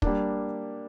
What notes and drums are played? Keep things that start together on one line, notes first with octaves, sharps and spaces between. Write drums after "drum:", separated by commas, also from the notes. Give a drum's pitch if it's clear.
G3 A#3 D4, drum: kick